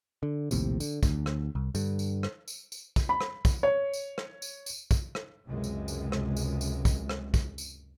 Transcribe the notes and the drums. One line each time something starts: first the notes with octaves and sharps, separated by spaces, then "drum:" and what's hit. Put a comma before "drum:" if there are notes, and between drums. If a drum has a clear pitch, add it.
D3
A#1 D#2 A2 C3, drum: tambourine
D3, drum: tambourine
D2, drum: kick, tambourine
drum: rim click
C2
G2 D3, drum: tambourine
drum: tambourine
drum: rim click
drum: tambourine
drum: tambourine
drum: kick, tambourine
B5
drum: rim click
drum: kick, tambourine
C#5
drum: tambourine
drum: rim click
drum: tambourine
drum: tambourine
drum: kick, tambourine
drum: rim click
C#2 F#2 C3 G#3
drum: tambourine
drum: tambourine
drum: rim click
drum: tambourine
drum: tambourine
drum: kick, tambourine
drum: rim click
drum: kick, tambourine
drum: tambourine